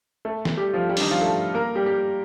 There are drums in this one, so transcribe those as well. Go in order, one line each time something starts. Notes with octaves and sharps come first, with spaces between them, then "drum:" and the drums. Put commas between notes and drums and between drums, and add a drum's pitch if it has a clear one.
A3 A4
drum: snare
G3 G4
F3 F4
G3 G4
D4, drum: open hi-hat
D#3 D#4
F3 F4
A3 A4
A#3 A#4
G3 G4
G3 G4